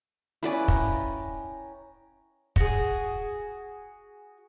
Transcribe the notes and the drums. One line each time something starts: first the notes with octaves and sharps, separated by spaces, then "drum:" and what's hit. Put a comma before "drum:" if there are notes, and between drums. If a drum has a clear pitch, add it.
C#4 E4 B4 D5 D#6
G5 A#5, drum: kick
F#4 G#4, drum: kick